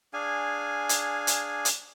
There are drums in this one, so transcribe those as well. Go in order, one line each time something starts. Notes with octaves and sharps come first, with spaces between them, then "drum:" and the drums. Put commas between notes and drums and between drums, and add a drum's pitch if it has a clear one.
D4 G#4 F5 G#5
drum: hi-hat
drum: hi-hat
drum: hi-hat